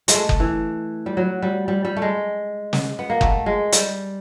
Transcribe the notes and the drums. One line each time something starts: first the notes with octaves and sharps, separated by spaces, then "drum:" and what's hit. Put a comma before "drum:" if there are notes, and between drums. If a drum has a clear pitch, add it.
G#3, drum: hi-hat
A3
drum: kick F#1
E3
G3
F#3
G3
G3
G3
A3
G#3
drum: snare
B3
A#3
A3, drum: kick F#1
G#3
G3, drum: hi-hat